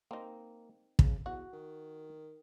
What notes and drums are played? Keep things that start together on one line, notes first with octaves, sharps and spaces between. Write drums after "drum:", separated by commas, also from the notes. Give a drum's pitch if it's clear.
A#3 C4 D#4
C#3, drum: kick
E2 F#4 F#5
D#3